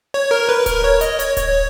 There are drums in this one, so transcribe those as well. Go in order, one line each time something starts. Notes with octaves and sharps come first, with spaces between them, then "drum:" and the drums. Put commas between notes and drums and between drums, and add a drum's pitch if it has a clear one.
C#5
A#4
B4
A#4, drum: kick D1, hi-hat
C#5
D#5, drum: hi-hat
C#5, drum: hi-hat
C#5, drum: kick D1, hi-hat